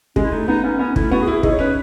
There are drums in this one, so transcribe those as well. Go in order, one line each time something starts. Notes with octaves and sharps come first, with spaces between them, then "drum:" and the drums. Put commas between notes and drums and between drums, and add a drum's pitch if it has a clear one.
G#3 C#4, drum: kick
E4
A3 D#4
B3 D#4
B3 C#4
B3 C#4
A3 E4, drum: kick
B3 F#4
G#4
E4
G#4
D#4 G#4, drum: kick
C#5
C#4 B4